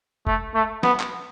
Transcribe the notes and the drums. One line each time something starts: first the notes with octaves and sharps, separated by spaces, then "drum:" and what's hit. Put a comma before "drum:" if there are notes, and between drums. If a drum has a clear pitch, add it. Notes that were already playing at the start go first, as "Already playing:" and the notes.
A3, drum: kick F1
A3
B3, drum: snare
drum: clap